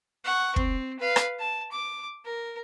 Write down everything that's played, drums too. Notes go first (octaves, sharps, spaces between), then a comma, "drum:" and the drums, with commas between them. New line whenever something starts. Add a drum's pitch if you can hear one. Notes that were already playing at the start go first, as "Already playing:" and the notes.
F#5 C#6
C4, drum: kick
B4 F5
drum: rim click
A5
D6
A#4